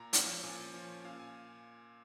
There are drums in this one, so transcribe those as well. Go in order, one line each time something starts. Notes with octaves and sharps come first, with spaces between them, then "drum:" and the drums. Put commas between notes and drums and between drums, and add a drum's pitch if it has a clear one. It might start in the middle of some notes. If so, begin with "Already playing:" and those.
Already playing: A#2 A#5
F3 C#4, drum: hi-hat
A#2 G#5
F3 C#4
A#2 F5
G#5